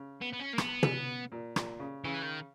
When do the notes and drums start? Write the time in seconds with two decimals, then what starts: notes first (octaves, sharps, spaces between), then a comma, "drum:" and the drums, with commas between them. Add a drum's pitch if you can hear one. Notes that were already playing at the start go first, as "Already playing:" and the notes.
Already playing: C#3
0.21 B3
0.33 B3
0.40 C#4
0.53 A#3
0.58 B3, drum: rim click
0.83 drum: tom
1.32 A#2
1.56 A#2, drum: rim click
1.80 C#3
2.05 C#3 E3
2.23 D#3